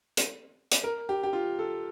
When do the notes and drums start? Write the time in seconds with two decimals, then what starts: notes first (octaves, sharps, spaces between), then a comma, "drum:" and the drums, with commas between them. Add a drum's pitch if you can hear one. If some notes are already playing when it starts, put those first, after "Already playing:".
0.17 drum: hi-hat
0.71 drum: hi-hat
0.84 A#4
1.09 G4
1.23 G4
1.33 F4
1.59 A4